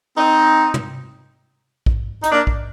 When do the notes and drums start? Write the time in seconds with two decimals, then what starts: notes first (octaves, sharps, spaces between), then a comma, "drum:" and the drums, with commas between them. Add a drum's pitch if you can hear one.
0.17 C4 D#4
0.74 drum: tom
1.86 drum: kick
2.23 D#4, drum: hi-hat
2.32 A#3 D4
2.47 drum: kick